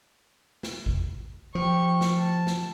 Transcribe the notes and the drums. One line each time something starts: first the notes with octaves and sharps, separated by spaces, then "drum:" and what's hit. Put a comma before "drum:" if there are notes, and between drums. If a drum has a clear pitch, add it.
drum: snare
drum: kick G#1
F3 G4 C#6
drum: snare
A5
drum: snare